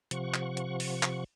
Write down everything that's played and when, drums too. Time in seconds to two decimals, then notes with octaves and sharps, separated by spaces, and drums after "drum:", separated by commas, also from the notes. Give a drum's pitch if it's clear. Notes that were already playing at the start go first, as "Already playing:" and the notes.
0.11 C3 F3 F#5 C#6, drum: hi-hat
0.34 drum: clap
0.57 drum: hi-hat
0.80 drum: open hi-hat
1.03 drum: clap